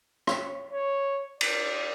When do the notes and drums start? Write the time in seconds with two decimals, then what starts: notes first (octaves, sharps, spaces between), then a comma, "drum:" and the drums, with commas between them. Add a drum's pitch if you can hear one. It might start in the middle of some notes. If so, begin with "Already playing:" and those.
0.27 drum: rim click
0.36 C#5
0.72 C#5
1.41 D5, drum: cymbal